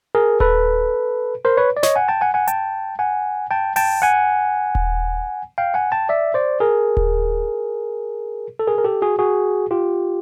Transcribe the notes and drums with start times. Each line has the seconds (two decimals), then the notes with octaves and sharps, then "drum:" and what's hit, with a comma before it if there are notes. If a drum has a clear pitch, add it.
0.15 G#4 A#4
0.40 A4 B4, drum: kick D#1
1.45 A#4 C5
1.57 B4 C#5
1.77 D5
1.83 C#5 D#5, drum: snare
1.96 F#5 G#5
2.08 G5 A5
2.21 F#5 G#5
2.34 F#5 G#5
2.47 G5 A5, drum: hi-hat
2.99 F#5 G#5
3.51 G5 A5
3.76 G5 A5, drum: open hi-hat
4.02 F#5 G#5
4.75 drum: kick D#1
5.58 F5 G5
5.74 F#5 G#5
5.92 G5 A5
6.09 D5 E5
6.34 C5 D5
6.60 G#4 A#4
6.97 drum: kick D#1
8.59 A4
8.67 G#4 A#4
8.78 A#4
8.84 G4 A4
9.02 F#4 G#4
9.19 F#4 G#4
9.71 F4 G4